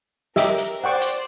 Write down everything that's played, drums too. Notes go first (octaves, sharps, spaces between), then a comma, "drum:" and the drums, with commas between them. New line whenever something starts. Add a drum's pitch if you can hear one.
G4 A#4 D#5 E5, drum: snare
drum: hi-hat
C5 D5 F#5 G5 C#6
drum: hi-hat